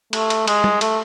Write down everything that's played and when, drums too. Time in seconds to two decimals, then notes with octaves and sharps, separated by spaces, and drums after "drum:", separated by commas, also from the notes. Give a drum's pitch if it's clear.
0.13 A3, drum: cymbal
0.30 drum: cymbal
0.48 G#3, drum: cymbal
0.64 drum: tom
0.81 A3, drum: cymbal